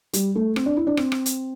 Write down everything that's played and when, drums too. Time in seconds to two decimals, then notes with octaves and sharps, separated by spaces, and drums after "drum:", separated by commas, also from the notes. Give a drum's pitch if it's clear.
0.13 G3, drum: hi-hat
0.35 A3
0.56 C4, drum: rim click
0.66 D4
0.77 E4
0.87 D4
0.97 C4, drum: rim click
1.12 drum: rim click
1.26 drum: hi-hat